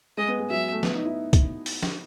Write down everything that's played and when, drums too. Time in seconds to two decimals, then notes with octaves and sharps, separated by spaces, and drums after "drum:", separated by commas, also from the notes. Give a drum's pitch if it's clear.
0.17 G#3 D#5
0.28 B3
0.39 G#3
0.50 F#3 E5
0.72 A3
0.83 B3, drum: snare
0.95 D#4
1.05 E4
1.33 drum: kick, hi-hat
1.66 drum: open hi-hat
1.83 drum: snare